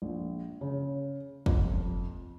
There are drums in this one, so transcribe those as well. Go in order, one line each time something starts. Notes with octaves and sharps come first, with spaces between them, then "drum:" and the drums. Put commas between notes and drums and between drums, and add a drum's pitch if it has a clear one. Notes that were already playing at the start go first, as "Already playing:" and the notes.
A#1
C#3
F2, drum: kick